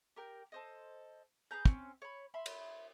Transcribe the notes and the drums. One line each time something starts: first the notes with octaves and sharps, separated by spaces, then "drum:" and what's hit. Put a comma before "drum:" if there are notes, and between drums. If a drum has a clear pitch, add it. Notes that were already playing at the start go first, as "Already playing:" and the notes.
G4 A#4 G5
A4 C5 D#5
G#4 B4 A#5 G6
C4 C#4, drum: kick
C#5 B5
E5 B5 C6
drum: cymbal